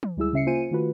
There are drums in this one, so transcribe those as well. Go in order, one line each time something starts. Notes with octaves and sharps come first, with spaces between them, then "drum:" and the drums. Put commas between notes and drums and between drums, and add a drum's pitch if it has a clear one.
drum: tom
D2 G3 G#3 E4 G#4 E6
C#3 C#4 E5 C7 C#7
A#3 F4 C5 G#5 C#7 D#7
D#3 A3 F4 F#4 B4